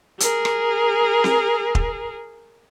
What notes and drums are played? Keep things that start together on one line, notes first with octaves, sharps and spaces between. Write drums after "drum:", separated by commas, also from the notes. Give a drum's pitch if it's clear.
G#4 A#4, drum: hi-hat
drum: rim click
drum: snare C4
drum: kick